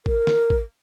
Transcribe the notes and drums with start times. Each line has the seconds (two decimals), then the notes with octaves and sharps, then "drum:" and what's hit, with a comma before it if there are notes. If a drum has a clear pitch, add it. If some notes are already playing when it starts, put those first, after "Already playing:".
0.06 A#4, drum: kick
0.27 drum: snare
0.50 drum: kick